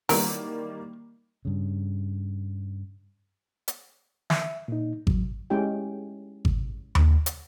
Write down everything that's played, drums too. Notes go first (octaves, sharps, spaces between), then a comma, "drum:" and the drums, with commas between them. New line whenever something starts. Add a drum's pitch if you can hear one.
D#3 E3 F#3 G3 A#3 A#4, drum: open hi-hat
G2 C#3
drum: hi-hat
E5, drum: snare
A#2 D#4
F#3, drum: kick G#1
G#3 C#4 E4 G4 G5
drum: kick G#1
drum: tom D#2
drum: hi-hat